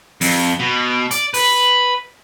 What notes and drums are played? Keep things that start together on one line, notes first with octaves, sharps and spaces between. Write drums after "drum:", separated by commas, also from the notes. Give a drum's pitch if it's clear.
F2, drum: open hi-hat
B2
D5, drum: hi-hat
B4, drum: open hi-hat